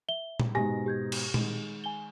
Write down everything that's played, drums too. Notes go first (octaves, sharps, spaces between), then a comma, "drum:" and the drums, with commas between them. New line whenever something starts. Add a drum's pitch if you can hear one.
E5 G7
drum: tom A#2
G#2 B2 G4 G#5 A#6
G4 G6 G#6
drum: cymbal
D#3 G#3, drum: tom A#2
G#5 G7